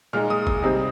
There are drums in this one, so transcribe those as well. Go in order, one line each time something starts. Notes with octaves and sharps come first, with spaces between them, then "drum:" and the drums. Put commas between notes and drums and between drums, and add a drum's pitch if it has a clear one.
A#2 G#3 D#4 F6
D#6
D#6, drum: kick
C3 G3 C4 D#4